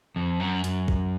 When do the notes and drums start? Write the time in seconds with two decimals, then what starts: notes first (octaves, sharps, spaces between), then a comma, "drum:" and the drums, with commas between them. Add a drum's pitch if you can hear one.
0.16 F2
0.40 F#2
0.64 F#2, drum: hi-hat
0.88 drum: kick A#1